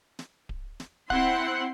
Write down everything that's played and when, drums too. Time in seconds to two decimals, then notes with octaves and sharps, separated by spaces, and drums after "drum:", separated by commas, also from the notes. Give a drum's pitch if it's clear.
0.19 drum: snare
0.49 drum: kick D1
0.80 drum: snare
1.10 C4 E4 F#5 C6, drum: kick D1